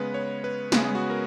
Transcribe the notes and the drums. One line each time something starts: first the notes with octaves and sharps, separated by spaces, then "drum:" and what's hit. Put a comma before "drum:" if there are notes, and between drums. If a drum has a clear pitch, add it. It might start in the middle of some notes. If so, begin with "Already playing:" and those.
Already playing: C#3 G#3 B3 B4
C#5
B4
C#3 G#3 B3 G#4, drum: snare
F#4
A#4